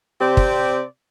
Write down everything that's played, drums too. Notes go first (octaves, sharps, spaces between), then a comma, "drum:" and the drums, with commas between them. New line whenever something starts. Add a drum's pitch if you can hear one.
C3 C4 G4 D5
drum: kick